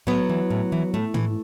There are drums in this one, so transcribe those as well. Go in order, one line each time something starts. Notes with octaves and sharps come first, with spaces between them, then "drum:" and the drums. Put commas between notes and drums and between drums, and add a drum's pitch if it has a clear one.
A2 F#3 B3
E3
A2
E3
A2 A3
E3, drum: tom